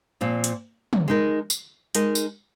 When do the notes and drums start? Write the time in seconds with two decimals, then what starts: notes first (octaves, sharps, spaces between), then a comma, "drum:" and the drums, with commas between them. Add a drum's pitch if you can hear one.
0.21 A#2 F3 C4
0.44 drum: hi-hat
0.93 drum: tom
1.08 G#3 D#4 A#4
1.50 drum: tambourine
1.95 G#3 D#4 A#4, drum: hi-hat
2.15 drum: tambourine